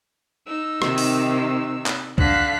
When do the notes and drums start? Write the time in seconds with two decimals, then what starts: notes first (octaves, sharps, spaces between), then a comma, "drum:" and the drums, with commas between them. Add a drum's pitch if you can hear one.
0.47 D#4 E6
0.82 C3 D#3, drum: rim click
0.98 drum: open hi-hat
1.86 drum: clap
2.18 D3 F5 F#6 B6, drum: kick C2